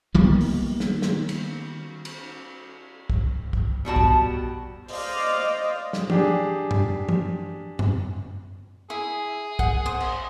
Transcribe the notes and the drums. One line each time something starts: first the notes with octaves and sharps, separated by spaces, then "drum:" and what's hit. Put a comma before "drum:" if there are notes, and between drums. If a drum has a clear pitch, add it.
D#3 G3 A#3 B3, drum: kick
drum: open hi-hat
drum: snare
drum: snare
drum: cymbal
drum: cymbal
drum: kick
drum: kick
B2 G3 F#4 A5
drum: kick
C5 D5 D#5 F5, drum: open hi-hat
drum: snare
D4 G4 G#4, drum: tom
drum: tom F#2
drum: tom
drum: tom F#2
E4 G#4
F#5, drum: kick
C5 D#6
drum: cymbal